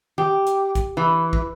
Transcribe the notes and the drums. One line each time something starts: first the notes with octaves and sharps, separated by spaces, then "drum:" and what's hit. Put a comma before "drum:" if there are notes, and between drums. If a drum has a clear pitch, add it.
G4, drum: tom D#3
drum: hi-hat
drum: kick, hi-hat
E3
drum: kick